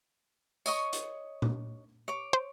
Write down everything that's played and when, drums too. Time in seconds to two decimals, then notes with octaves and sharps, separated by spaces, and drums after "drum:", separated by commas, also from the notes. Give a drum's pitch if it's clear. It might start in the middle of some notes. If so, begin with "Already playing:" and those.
0.66 C#5 D#5 C#6, drum: tambourine
0.93 drum: hi-hat
1.42 drum: tom A#2
2.08 C#5 D6
2.33 C5